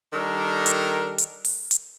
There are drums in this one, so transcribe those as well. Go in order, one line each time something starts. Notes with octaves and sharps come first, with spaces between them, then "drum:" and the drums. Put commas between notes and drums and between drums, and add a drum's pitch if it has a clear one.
D#3 G3 D4 A4 A#4
drum: hi-hat
drum: hi-hat
drum: open hi-hat
drum: hi-hat